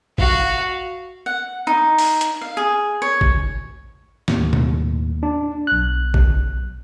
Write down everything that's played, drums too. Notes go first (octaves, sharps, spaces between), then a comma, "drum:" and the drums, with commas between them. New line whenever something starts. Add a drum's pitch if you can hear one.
F#4 F5, drum: kick
F#5
D#4
drum: open hi-hat
drum: hi-hat
F5
G#4
C#5
drum: kick
D#2 A2, drum: snare
drum: tom B2
D4
B1 F#6
drum: kick